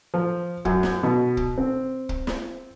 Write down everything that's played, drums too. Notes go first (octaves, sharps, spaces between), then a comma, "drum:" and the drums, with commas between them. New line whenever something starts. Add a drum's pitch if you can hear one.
F3
F#2, drum: kick
drum: snare
B2
drum: kick
C4
drum: kick
drum: snare